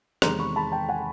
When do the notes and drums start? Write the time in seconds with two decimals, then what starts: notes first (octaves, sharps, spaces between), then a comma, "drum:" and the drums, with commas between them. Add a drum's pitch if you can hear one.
0.22 E2 C3 D#3 G#3 C4 A#5 C6, drum: rim click
0.39 B5 C#6
0.56 A5 B5
0.72 G5 A5
0.89 F#5 G#5